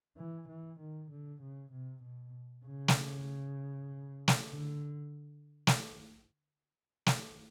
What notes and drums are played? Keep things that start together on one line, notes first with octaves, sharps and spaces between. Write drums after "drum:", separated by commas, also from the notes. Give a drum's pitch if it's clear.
E3
E3
D#3
D3
C#3
C3
B2
C#3
drum: snare
drum: snare
D3
drum: snare
drum: snare